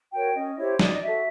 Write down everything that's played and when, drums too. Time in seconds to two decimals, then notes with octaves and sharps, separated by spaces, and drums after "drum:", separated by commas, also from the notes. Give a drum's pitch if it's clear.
0.13 F#4 A#4 C#5 G5
0.35 C#4 D#5
0.56 E4 G4 C5 C#5
0.79 D#4 D5, drum: snare
0.91 D#5
1.01 F#4 A4 E5